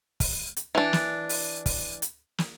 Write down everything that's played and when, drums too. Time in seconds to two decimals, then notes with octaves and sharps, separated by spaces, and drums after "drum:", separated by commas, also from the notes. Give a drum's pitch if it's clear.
0.20 drum: kick, open hi-hat
0.57 drum: hi-hat
0.75 E3 D4
0.93 drum: snare
1.29 drum: open hi-hat
1.66 drum: kick, open hi-hat
2.02 drum: hi-hat
2.38 drum: snare